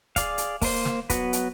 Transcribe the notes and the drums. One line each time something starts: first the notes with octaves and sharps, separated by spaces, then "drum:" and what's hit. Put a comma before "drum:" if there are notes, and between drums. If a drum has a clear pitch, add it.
G#4 D5 F5, drum: kick, hi-hat
drum: hi-hat
A#3 C5, drum: kick, open hi-hat
drum: snare
F#3 B3 F#4 B4, drum: kick, hi-hat
drum: hi-hat